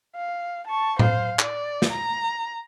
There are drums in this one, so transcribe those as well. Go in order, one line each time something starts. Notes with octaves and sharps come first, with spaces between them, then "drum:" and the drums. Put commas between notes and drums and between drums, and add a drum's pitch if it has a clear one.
F5
A5 C#6
C5 F5, drum: tom A2
D5, drum: clap
drum: snare
A#5